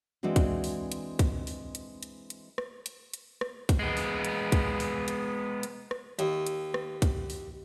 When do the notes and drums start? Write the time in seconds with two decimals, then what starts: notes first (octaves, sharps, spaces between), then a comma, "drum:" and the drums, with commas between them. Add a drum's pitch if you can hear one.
0.23 E3 G#3 C4 D4 F#4
0.36 drum: kick, hi-hat
0.64 drum: open hi-hat
0.92 drum: hi-hat
1.19 drum: kick, hi-hat
1.47 drum: open hi-hat
1.75 drum: hi-hat
2.03 drum: hi-hat
2.30 drum: hi-hat
2.58 drum: rim click
2.86 drum: hi-hat
3.14 drum: hi-hat
3.41 drum: rim click
3.69 drum: kick, hi-hat
3.79 G#3 B3
3.97 drum: open hi-hat
4.25 drum: hi-hat
4.52 drum: kick, hi-hat
4.80 drum: open hi-hat
5.08 drum: hi-hat
5.63 drum: hi-hat
5.91 drum: rim click
6.19 D#2, drum: hi-hat
6.47 drum: hi-hat
6.74 drum: rim click
7.02 drum: kick, hi-hat
7.30 drum: open hi-hat